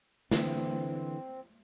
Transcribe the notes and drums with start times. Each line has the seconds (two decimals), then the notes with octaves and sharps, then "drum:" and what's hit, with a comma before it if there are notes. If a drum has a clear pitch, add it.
0.31 D3 E3 C4, drum: snare